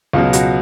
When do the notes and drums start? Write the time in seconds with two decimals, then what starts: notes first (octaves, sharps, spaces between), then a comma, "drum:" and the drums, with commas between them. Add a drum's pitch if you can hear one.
0.13 C#2 B2 F#3 F4
0.33 F#4, drum: hi-hat